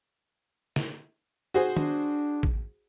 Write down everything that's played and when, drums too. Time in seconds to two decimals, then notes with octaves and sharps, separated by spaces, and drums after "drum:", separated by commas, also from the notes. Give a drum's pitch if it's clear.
0.76 drum: snare
1.54 F#4 G#4 C5
1.77 D4, drum: tom
2.43 drum: kick A1